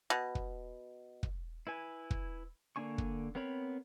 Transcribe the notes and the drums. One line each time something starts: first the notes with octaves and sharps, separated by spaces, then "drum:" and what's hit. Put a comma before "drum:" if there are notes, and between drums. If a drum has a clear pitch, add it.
B2
drum: kick
drum: kick
E4 B4 G#5
drum: kick
D3 A#3 D4 G#5 C#6
drum: kick
B3 C4 A#4 C#5 B5